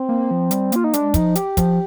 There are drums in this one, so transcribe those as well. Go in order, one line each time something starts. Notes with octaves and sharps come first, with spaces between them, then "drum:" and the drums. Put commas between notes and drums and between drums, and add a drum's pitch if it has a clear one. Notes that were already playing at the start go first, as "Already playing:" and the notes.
Already playing: C4
A#3
F3
G3, drum: hi-hat
A#3 F4, drum: hi-hat
D#4
G#3 D4, drum: hi-hat
F3 D#4, drum: kick, hi-hat
G4, drum: hi-hat
F3, drum: kick, hi-hat